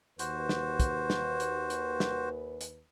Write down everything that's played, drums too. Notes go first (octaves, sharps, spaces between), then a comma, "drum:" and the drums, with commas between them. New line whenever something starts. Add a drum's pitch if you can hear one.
D#2 F#4 B4 C5, drum: hi-hat
drum: snare
drum: kick, hi-hat
drum: snare
drum: hi-hat
drum: hi-hat
drum: snare
drum: hi-hat